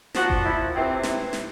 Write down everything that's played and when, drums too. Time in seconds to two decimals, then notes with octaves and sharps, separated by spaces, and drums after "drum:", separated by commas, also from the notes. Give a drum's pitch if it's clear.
0.14 A#2 F3 F#4, drum: snare
0.30 drum: kick F#1
0.44 E4
0.74 C3 E3 C4
1.03 drum: snare
1.33 drum: snare